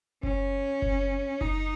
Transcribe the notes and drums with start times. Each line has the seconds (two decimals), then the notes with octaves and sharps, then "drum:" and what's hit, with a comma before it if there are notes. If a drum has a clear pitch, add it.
0.23 C#4, drum: kick F#1
0.82 drum: kick F#1
1.41 D#4, drum: kick F#1